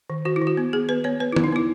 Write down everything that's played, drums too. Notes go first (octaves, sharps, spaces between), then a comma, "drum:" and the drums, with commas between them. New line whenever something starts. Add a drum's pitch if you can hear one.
D#3
D#3 F#4
E4
D#3
F#4
B3
B3 G#4
B3 B4
B3 C#5
B3 B4
E4
B3, drum: tom D#3
D#4
B3 E4